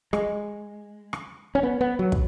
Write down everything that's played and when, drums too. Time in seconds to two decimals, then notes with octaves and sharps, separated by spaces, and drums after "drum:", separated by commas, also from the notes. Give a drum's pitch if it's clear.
0.13 G#3, drum: rim click
1.13 drum: rim click
1.55 C#4
1.63 B3
1.81 B3
1.99 F#3
2.12 drum: kick